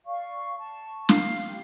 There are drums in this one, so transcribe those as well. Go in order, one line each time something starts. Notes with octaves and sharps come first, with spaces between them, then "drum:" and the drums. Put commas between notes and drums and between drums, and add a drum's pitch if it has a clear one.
D5 F5 C#6
A5 C#6
F5, drum: snare
G4